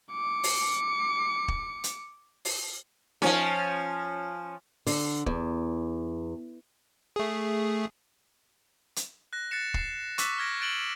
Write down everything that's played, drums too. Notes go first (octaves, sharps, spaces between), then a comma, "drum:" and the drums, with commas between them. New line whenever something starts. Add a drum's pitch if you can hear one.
D6 C#7
drum: open hi-hat
drum: kick
drum: hi-hat
drum: open hi-hat
F3 C#4, drum: snare D#4
D3, drum: open hi-hat
E2, drum: kick
A3 G#4
drum: hi-hat
F#6 A#6
F#6 A6 A#6 C7 C#7 E7
C7 E7, drum: kick
C#6 D6 E6 F#6 A6 B6, drum: hi-hat
F6 G#6 A#6 D7
F#6 A6 D7 E7 F#7 G7